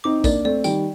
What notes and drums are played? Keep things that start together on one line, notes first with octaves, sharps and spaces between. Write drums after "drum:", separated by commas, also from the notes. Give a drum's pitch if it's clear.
C4 D#4 D6
D#4
A#3 D4 D5, drum: kick A#1, tambourine
A3 C4 D5
D#3 G3 G5, drum: tambourine